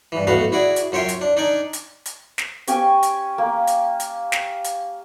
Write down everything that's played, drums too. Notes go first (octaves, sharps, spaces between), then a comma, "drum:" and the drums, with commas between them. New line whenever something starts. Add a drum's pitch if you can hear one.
G2 E3
B1 A2 F#4 B4 F5 A5
E4 F#4 G#4 D5
drum: hi-hat
F#2 F4 C#5 E5 G5 C6
drum: hi-hat
D4
D4 D#4 D5 G#5
drum: hi-hat
drum: hi-hat
drum: snare
C#4 G4 G5 G#5, drum: hi-hat
drum: hi-hat
A#3
drum: hi-hat
drum: hi-hat
drum: snare
drum: hi-hat